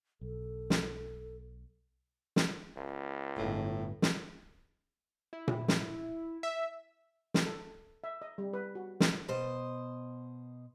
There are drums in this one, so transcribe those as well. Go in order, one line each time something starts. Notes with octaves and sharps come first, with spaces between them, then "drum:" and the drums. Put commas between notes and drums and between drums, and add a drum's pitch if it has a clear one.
B1 A4
drum: snare
drum: snare
C#2
G1 A2
drum: snare
E4
drum: tom A#2
drum: snare
E5
drum: snare
A4
E5
D#5
G3
B4
F#4
drum: snare
B2 C5 D#5